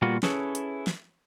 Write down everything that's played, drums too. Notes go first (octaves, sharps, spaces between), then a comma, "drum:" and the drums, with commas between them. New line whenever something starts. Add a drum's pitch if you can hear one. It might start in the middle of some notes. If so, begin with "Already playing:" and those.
A#2 G3 A#3 B3 F4 F#4
C#4 E4 G#4 A4 B4 C#5, drum: snare
drum: hi-hat
drum: snare